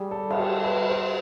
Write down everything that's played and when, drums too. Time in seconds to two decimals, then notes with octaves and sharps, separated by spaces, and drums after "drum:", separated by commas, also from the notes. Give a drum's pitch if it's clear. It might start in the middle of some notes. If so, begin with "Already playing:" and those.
Already playing: G3 G#4
0.11 A4
0.31 G#4, drum: cymbal
0.38 A4
0.64 B4
0.90 C5